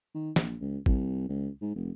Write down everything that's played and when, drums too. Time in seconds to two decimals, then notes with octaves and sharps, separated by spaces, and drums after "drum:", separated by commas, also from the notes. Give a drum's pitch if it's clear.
0.15 D#3
0.36 A#1, drum: snare
0.61 C#2
0.86 C2, drum: kick
1.29 C#2
1.61 G#2
1.75 F1